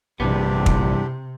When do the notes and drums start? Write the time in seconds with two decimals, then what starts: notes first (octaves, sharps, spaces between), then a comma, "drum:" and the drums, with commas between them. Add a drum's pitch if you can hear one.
0.20 A#1 E2 G2 C3 E3 B3 D4 G4
0.66 drum: kick